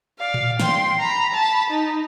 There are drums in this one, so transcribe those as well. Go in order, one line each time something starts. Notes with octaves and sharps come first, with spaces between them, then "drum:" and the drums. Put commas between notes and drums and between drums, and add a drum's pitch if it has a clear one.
D5 F5
drum: tom A2
G5 C6, drum: snare
A#5 B5
A5 B5
D#4